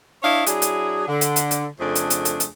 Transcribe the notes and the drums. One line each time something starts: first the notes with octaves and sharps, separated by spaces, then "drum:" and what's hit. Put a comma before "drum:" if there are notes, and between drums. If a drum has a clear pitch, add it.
D4 E4 C#5 D#5 F5
F#3 D4 E4 G#4, drum: hi-hat
drum: hi-hat
D3
drum: hi-hat
drum: hi-hat
drum: hi-hat
F2 C#3 A3 D4 G#4
drum: hi-hat
drum: hi-hat
drum: hi-hat
drum: hi-hat